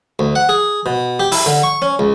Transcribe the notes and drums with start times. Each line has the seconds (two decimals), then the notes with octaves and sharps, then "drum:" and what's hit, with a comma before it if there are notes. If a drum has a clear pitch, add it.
0.19 D2
0.35 F#5
0.49 G#4
0.86 B2
1.20 G4
1.32 E4, drum: open hi-hat
1.46 D3
1.63 C#6
1.82 C#4
1.99 C#2